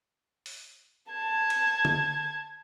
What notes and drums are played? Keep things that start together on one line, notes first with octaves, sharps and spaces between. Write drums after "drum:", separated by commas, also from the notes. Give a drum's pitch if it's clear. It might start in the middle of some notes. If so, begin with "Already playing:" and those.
drum: open hi-hat
A5 G#6
drum: cymbal
drum: tom D3